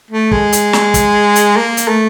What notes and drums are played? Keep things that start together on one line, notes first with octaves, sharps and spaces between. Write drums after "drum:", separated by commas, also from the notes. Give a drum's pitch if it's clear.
A3
G#3, drum: kick
drum: hi-hat
drum: snare
drum: kick, hi-hat
drum: hi-hat
A#3
drum: hi-hat
A3